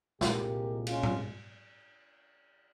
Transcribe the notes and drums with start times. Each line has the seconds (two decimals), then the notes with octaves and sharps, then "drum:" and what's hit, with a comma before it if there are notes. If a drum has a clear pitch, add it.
0.21 C2 A#2 F3 G#3 G4 A#4, drum: snare
0.87 C#4 F4, drum: cymbal
1.03 drum: tom G#2